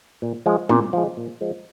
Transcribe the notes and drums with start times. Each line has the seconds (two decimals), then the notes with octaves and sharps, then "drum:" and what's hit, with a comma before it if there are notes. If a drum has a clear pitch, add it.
0.22 A#2
0.46 F3 G#3
0.69 A#2, drum: tom
0.93 F3 G#3
1.17 A#2
1.41 F3 G#3